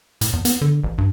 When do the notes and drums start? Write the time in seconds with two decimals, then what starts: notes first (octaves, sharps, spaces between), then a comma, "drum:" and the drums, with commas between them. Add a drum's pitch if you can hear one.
0.21 A2, drum: hi-hat
0.33 E2
0.45 B3, drum: hi-hat
0.61 D3
0.84 A1
0.98 G2